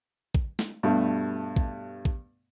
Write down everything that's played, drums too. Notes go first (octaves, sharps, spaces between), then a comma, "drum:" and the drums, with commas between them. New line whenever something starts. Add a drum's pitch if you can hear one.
drum: kick
drum: snare
G2 B2 G3 A3
drum: kick
drum: kick